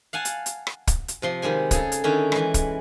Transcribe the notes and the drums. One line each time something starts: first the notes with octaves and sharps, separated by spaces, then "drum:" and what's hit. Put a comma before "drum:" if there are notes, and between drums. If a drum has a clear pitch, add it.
F5 F#5 G#5 A5
drum: hi-hat
drum: hi-hat
drum: rim click
drum: kick, hi-hat
drum: hi-hat
C3 F3 C6
D#3 G3 G#3 G#5
C#3 G#4 A4, drum: kick, hi-hat
drum: hi-hat
D3 D#3 C#4 E4
E3 G#3, drum: rim click
drum: kick, hi-hat